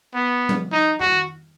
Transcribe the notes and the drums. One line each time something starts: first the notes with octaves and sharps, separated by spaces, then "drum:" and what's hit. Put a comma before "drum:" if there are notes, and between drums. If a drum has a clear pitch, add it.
B3
drum: tom F3
D#4
F#4, drum: tom